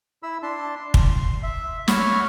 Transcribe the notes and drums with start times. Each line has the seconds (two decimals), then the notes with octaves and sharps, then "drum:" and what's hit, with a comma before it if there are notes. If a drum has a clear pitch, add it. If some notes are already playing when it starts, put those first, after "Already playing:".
0.23 E4 B5 E6
0.43 D4 A5 C6
0.94 C6, drum: kick
1.43 E5
1.88 F#4 C#5 B5 C#6 E6 F6, drum: snare